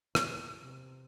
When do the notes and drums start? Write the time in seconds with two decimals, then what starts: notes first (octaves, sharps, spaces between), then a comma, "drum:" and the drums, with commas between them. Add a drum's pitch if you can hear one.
0.15 E2, drum: rim click
0.60 C3